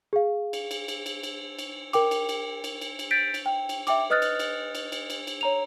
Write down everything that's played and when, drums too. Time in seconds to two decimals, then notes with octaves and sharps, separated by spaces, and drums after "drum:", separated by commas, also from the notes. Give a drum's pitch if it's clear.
0.13 G#4 F5
0.53 drum: cymbal
0.71 drum: cymbal
0.88 drum: cymbal
1.06 drum: cymbal
1.23 drum: cymbal
1.59 drum: cymbal
1.93 A#4 G5 D6, drum: cymbal
2.11 drum: cymbal
2.29 drum: cymbal
2.64 drum: cymbal
2.81 drum: cymbal
2.99 drum: cymbal
3.11 G6 A6 B6 D7
3.34 drum: cymbal
3.46 G5
3.69 drum: cymbal
3.87 E5 G5 D6, drum: cymbal
4.10 B4 D#5 D#6 F6 F#6 A6
4.22 drum: cymbal
4.39 drum: cymbal
4.75 drum: cymbal
4.92 drum: cymbal
5.10 drum: cymbal
5.27 drum: cymbal
5.41 C#5 A#5 F7